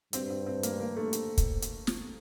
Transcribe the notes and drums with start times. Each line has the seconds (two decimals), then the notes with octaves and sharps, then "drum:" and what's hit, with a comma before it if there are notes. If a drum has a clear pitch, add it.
0.13 G2 C4, drum: hi-hat
0.30 C4
0.46 C4
0.63 A#3, drum: hi-hat
0.80 A#3
0.96 A3
1.13 drum: hi-hat
1.38 drum: kick, hi-hat
1.62 drum: hi-hat
1.87 drum: snare